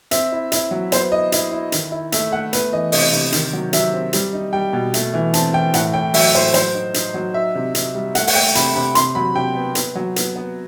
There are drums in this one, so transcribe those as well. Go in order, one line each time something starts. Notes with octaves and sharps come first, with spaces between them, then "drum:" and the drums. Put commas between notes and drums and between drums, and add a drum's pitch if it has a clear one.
C4 E5, drum: hi-hat
E4
E4, drum: hi-hat
F#3
B3 C5, drum: hi-hat
E4 D#5
E4, drum: hi-hat
E4
D#3, drum: hi-hat
E4
A3 E5, drum: hi-hat
A3 F#5
B3 B4, drum: hi-hat
E3 D#5
C3 D#5, drum: open hi-hat
C3
D#3, drum: hi-hat
F#3
F#3 E5, drum: hi-hat
C4
G3, drum: hi-hat
D#4
G3 G5
B2
A3, drum: hi-hat
E3
C4 A5, drum: hi-hat
E3 G5
A2 F#5, drum: hi-hat
A2 G5
F#3 E5, drum: open hi-hat
A2 C5
F#3 C5, drum: hi-hat
D#4
D#4, drum: hi-hat
F#3
D#4 E5
C3
C3, drum: hi-hat
G3
A3 F#5, drum: hi-hat
F#5, drum: open hi-hat
A3 G5
C3 B5, drum: hi-hat
C3 B5
C3 C6, drum: hi-hat
F#3 B5
C3 G5
B3
B3, drum: hi-hat
F#3
B3, drum: hi-hat
B3